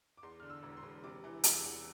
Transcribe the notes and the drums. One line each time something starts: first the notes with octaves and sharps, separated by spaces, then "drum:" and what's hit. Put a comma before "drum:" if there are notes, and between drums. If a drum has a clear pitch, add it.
D6
E2 C6
D3 F6
E6
E1
C6
E1
C3 D6
E3
E2, drum: hi-hat
E6
E2